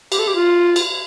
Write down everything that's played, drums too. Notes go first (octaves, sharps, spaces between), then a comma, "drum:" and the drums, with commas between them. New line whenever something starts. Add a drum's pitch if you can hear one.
G4, drum: cymbal
A4
G4
F4
drum: cymbal